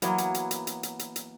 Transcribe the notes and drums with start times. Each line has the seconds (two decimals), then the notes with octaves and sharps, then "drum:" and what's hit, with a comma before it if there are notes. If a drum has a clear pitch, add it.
0.02 E3 F#3 A#3 B3, drum: hi-hat
0.18 drum: hi-hat
0.34 drum: hi-hat
0.51 drum: hi-hat
0.67 drum: hi-hat
0.83 drum: hi-hat
0.99 drum: hi-hat
1.16 drum: hi-hat